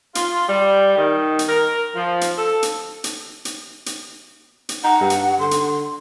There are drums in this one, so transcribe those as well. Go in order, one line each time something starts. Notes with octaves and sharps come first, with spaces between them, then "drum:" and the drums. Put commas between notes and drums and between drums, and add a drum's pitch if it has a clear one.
F4, drum: hi-hat
G3
D#3
drum: hi-hat
A#4
F3
drum: hi-hat
A4
drum: hi-hat
drum: hi-hat
drum: hi-hat
drum: hi-hat
drum: hi-hat
D#4 F#5
G2
drum: hi-hat
D3 C6
drum: hi-hat